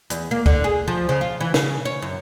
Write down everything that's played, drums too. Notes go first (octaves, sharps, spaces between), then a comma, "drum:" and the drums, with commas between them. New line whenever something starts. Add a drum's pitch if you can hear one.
E2, drum: hi-hat
A#3
D3, drum: kick D2
G#4
F3
C#3
F4
E3
C#3, drum: snare
C#5
F#2